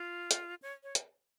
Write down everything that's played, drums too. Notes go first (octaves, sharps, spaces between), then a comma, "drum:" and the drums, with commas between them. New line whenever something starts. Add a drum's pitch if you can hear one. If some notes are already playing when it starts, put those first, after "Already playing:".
Already playing: F4
drum: hi-hat
C#5
C#5
drum: hi-hat